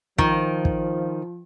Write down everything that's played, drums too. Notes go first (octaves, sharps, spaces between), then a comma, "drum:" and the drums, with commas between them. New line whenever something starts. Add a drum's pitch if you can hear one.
D#3 F3, drum: kick
drum: kick